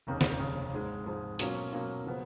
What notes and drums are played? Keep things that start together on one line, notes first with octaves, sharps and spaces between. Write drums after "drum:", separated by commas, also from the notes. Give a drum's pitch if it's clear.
F1 D#2 C#3
drum: snare
F1 D#2 C#3
G#2 F3 G#3
G#2 F3 G#3
B2 F#3 A#3 C#4 F4, drum: hi-hat
B2 F#3 A#3 C#4 F4
C#3 F3 B3